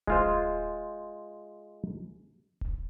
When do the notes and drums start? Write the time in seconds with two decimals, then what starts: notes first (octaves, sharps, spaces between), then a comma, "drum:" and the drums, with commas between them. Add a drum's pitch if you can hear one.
0.07 G#3 F4 C5, drum: kick D1
2.61 drum: kick D1